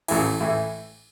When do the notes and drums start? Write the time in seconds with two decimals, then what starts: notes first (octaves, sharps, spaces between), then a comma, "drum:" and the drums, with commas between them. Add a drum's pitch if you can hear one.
0.08 A1 A2 E3, drum: cymbal
0.41 A2 E3